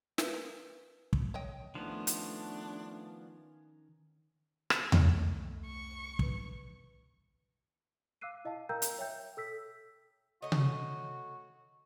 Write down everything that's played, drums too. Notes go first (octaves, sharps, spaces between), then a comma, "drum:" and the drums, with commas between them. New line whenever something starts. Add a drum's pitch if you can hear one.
A#4 B4 E5 F5 G5, drum: snare
A#4
drum: kick
C#5 D#5 G5
D#3 F3 A3 B3 C#4 D4
drum: hi-hat
drum: rim click
C2 A3, drum: tom E2
C#6
D#3 B4, drum: kick
F5 D6 E6 F#6 C7 D#7
E4 D#5 F5 A5
A#4 F5 G5 A#5 E6 G6
drum: hi-hat
C#5 E5 G5 G6
A4 E6 B6
A3 F#4 C#5 D#5
drum: tom C3